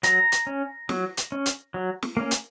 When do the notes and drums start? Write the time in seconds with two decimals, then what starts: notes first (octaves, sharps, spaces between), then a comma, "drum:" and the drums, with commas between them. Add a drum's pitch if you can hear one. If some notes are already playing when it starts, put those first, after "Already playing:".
0.03 F#3 A#5, drum: hi-hat
0.32 drum: hi-hat
0.47 C#4
0.89 F#3, drum: snare
1.17 drum: hi-hat
1.32 C#4
1.46 drum: hi-hat
1.74 F#3
2.03 drum: snare
2.17 A#3 C#4
2.31 drum: hi-hat